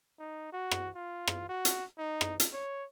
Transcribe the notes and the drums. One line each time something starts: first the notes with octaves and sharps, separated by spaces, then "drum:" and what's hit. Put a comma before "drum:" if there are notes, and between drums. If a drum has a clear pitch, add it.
D#4
F#4
drum: rim click
F4
drum: rim click
F#4
drum: hi-hat
D#4
drum: rim click
drum: hi-hat
C#5